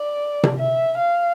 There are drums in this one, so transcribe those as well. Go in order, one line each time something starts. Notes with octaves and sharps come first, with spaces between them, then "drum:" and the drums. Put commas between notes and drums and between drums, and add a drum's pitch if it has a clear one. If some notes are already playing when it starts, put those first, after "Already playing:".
Already playing: D5
drum: tom C3
E5
F5